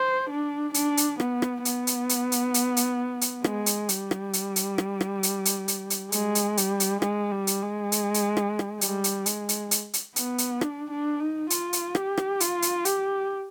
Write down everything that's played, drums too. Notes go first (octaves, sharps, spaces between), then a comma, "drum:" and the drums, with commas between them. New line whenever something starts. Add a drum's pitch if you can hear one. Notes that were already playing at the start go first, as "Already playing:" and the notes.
Already playing: C5
D4
D4, drum: hi-hat
drum: hi-hat
B3, drum: rim click
drum: rim click
B3, drum: hi-hat
drum: hi-hat
drum: hi-hat
drum: hi-hat
drum: hi-hat
drum: hi-hat
drum: hi-hat
G#3, drum: rim click
drum: hi-hat
G3, drum: hi-hat
drum: rim click
drum: hi-hat
drum: hi-hat
drum: rim click
drum: rim click
drum: hi-hat
drum: hi-hat
drum: hi-hat
drum: hi-hat
G#3, drum: hi-hat
drum: hi-hat
G3, drum: hi-hat
drum: hi-hat
G#3, drum: rim click
G3
drum: hi-hat
G#3
drum: hi-hat
drum: hi-hat
drum: rim click
drum: rim click
G3, drum: hi-hat
drum: hi-hat
G#3, drum: hi-hat
drum: hi-hat
drum: hi-hat
drum: hi-hat
B3, drum: hi-hat
drum: hi-hat
D4, drum: rim click
D4
D#4
F4, drum: hi-hat
drum: hi-hat
G4, drum: rim click
drum: rim click
F4, drum: hi-hat
drum: hi-hat
G4, drum: hi-hat